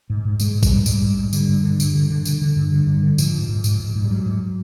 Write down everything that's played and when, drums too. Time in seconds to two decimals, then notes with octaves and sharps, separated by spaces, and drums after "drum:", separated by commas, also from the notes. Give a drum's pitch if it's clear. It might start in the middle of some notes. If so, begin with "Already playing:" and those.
0.10 G#2
0.25 G#2
0.40 G#2 G#3, drum: tambourine
0.55 G#2
0.63 G3, drum: kick A#1, tambourine
0.71 G#2
0.86 G#2 G3, drum: tambourine
1.02 G#2
1.17 G#2
1.33 D3 G3, drum: tambourine
1.49 G2
1.64 D3
1.80 G2, drum: tambourine
1.95 D3
2.10 D3
2.25 D3, drum: tambourine
2.42 D3
2.56 G2
2.72 D3
2.87 G2
3.03 D3
3.18 G#2 F3, drum: tambourine
3.34 G#2
3.49 G#2
3.64 G#2, drum: tambourine
3.80 G#2
3.95 G#2
4.04 G3
4.10 G#2 F#3
4.26 G#2